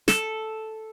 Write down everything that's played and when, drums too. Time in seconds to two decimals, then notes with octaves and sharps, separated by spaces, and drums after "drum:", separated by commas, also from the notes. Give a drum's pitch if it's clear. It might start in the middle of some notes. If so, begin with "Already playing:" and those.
0.08 A4, drum: snare